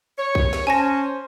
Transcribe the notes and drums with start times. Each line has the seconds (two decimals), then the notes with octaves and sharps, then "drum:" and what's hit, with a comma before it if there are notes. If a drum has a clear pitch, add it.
0.17 C#5
0.35 drum: kick B1
0.53 drum: snare
0.67 C#4 C5 G#5 A5 A#6